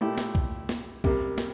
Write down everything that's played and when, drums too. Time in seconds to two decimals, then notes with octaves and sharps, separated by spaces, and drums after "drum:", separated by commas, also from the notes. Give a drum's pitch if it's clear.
0.01 A#2 A3 E4 G4
0.18 drum: snare
0.35 drum: kick B1
0.69 drum: snare
1.04 C3 G3 A#3, drum: kick B1
1.38 drum: snare